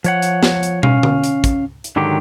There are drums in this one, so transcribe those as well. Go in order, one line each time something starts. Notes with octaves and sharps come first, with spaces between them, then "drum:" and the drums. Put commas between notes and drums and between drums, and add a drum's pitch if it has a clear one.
F3 C#5 F#5, drum: hi-hat
drum: hi-hat
drum: snare
drum: hi-hat
C#4 F5, drum: tom
drum: tom D3
drum: hi-hat
drum: kick, hi-hat
drum: hi-hat
G#2 D3 D#3 F#3 G4